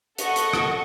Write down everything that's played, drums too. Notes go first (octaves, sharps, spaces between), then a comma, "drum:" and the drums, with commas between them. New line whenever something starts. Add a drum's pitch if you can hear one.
A4 D#5 F#5 C#6, drum: hi-hat
drum: hi-hat
drum: rim click